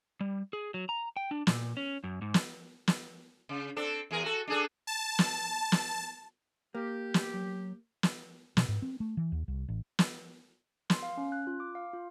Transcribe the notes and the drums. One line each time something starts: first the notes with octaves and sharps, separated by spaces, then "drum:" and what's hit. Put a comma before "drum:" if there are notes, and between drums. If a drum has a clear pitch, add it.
G3
G#4
F#3
A#5
G5
D4
A#2, drum: snare
C#4
F#2
G#2
drum: snare
drum: snare
C#3
C4 D4 A4
E2 G#4 A#4
F#4 A4
D4 G#4 A4
A5
drum: snare
drum: snare
A#3 G4
drum: snare
F#3
drum: snare
B2, drum: snare
G#2
C4
A3
E3
D#2
C2
A1
drum: snare
C6, drum: snare
F5
C#4
F#6
F4
D6
F5
F4